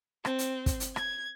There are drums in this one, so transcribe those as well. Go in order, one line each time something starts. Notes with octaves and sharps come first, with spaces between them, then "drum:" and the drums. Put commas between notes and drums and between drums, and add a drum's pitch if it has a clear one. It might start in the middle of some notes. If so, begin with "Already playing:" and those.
C4, drum: rim click
drum: hi-hat
drum: kick, hi-hat
drum: hi-hat
G#6, drum: rim click